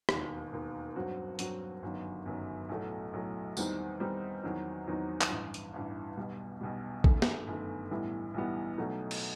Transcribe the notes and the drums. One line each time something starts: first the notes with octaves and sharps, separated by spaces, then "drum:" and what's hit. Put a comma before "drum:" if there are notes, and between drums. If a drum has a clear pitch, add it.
E1 D#2 D#3, drum: rim click
E1 D#2 D#3
G2 F#3 C4 F#4
G2 F#3 C4 F#4, drum: hi-hat
G1 F#2 D#3 F#3
G1 F#2 D#3 F#3
B1 A2 F#3 A3
B1 A2 F#3 A3
E2 D#3 G3 C4 D#4, drum: tambourine
E2 D#3 G3 C4 D#4
E2 D#3 F#3 C4 D#4
E2 D#3 F#3 C4 D#4
drum: clap
A1 G2 E3
drum: hi-hat
A1 G2 E3
B1 B2 G3
B1 B2 G3
G1 F#2 D#3 A3, drum: kick A1
drum: snare
G1 F#2 D#3 A3
B1 A2 E3 G3 B3
B1 A2 E3 G3 B3
B1 B2 F#3 A3 D#4
drum: cymbal